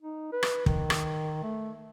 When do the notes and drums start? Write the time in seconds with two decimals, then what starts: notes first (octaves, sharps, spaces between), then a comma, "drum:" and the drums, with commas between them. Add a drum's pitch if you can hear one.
0.02 D#4
0.33 B4
0.43 drum: rim click
0.66 D#3, drum: kick
0.90 drum: rim click
1.43 A3